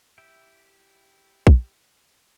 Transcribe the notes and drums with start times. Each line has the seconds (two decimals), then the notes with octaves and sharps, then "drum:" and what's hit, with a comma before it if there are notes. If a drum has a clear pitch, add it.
0.18 E4 G4 E5 G5
1.47 drum: kick